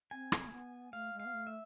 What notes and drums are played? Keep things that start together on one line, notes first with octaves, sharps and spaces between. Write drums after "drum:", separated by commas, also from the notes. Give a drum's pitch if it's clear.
C4 G#5
drum: rim click
A3
B3
A3 F5
G#3
F5
B3
A3
E5